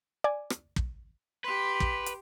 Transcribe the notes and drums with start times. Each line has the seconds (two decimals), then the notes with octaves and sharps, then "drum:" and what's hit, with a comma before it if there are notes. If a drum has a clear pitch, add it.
0.24 D5 G#5
0.50 drum: rim click
0.76 drum: kick
1.44 G4 B4 C6 B6
1.80 drum: kick
2.06 drum: hi-hat